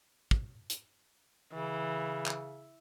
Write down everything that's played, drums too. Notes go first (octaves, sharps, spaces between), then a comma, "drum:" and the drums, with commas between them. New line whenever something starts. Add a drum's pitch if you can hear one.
drum: kick
drum: hi-hat
C#3 E3
drum: clap